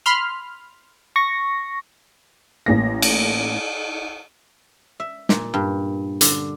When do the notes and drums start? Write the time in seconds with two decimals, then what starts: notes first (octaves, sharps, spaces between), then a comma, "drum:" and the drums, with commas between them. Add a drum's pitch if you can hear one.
0.06 B5 C6 F6
1.16 C#6 A#6
2.66 A1 A#3 A#6
3.02 drum: cymbal
5.00 E5
5.29 A#2, drum: snare
5.54 G2
6.21 D3, drum: hi-hat